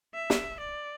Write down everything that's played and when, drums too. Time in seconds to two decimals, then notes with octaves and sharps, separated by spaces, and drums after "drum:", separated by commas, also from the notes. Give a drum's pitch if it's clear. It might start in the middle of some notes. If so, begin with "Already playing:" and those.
0.14 E5
0.30 drum: snare
0.60 D5